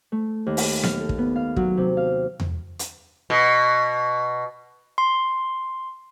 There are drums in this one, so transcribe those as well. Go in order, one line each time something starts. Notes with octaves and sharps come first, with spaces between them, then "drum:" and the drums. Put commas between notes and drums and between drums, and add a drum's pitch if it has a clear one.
A3
D#2
drum: open hi-hat
F6, drum: snare B3
A4
drum: kick
B3
F5
F#3, drum: kick
C3
F5
drum: tom E2
drum: hi-hat
B2
C6